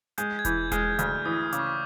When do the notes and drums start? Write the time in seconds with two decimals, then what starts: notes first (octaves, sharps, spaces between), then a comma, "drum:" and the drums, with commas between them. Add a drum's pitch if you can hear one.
0.18 G#3 G6, drum: hi-hat
0.39 G#6
0.45 E3 G6, drum: kick E1, hi-hat
0.72 G#3 F6, drum: kick E1, hi-hat
0.99 D2 F6, drum: hi-hat
1.25 E3 D#6
1.52 C#3 D6, drum: hi-hat
1.59 C#6
1.67 D6